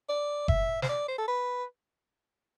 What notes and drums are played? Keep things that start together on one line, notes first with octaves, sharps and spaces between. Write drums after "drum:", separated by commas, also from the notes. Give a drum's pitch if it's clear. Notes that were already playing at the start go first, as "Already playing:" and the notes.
D5
E5, drum: kick F#1
C5, drum: snare
D5
C5
A4
B4